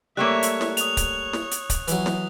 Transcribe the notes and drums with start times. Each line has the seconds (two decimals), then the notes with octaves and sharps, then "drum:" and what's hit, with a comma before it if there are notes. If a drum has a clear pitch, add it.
0.17 G3 A3 A#3 C#5 E5 F#6
0.43 drum: hi-hat
0.61 drum: snare
0.77 C#5 D#6 F7, drum: hi-hat
0.97 drum: kick C#1, hi-hat
1.33 drum: snare
1.51 drum: hi-hat
1.70 drum: kick C#1, hi-hat
1.88 E3 F#3, drum: hi-hat
2.06 drum: snare